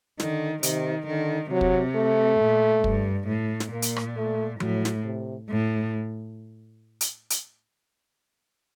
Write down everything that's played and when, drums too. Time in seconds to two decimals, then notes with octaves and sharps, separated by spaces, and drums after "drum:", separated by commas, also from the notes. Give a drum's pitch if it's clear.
0.20 D3 D#3, drum: snare
0.63 C3 D#3, drum: hi-hat
1.07 D3 D#3
1.51 C3 F#3
1.61 drum: kick
1.96 A3
2.40 A#2
2.84 G2, drum: kick
3.28 A2
3.60 drum: snare
3.72 A#2 A#3
3.82 drum: hi-hat
3.96 drum: rim click
4.17 A3
4.60 A2 F#3, drum: tom F3
4.85 drum: snare
5.05 C3
5.50 A2
7.01 drum: hi-hat
7.30 drum: hi-hat